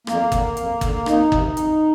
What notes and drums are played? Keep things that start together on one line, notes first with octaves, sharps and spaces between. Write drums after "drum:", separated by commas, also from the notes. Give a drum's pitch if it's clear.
F2 A#3, drum: rim click
D3, drum: kick G1, hi-hat
F2, drum: hi-hat
D3, drum: kick G1, hi-hat
F2 D#4, drum: rim click
C3 D#3, drum: kick G1
F2, drum: hi-hat